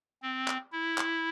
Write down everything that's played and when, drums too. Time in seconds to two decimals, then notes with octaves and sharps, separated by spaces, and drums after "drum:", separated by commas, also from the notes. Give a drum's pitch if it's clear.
0.22 C4
0.48 drum: clap
0.72 E4
0.98 drum: clap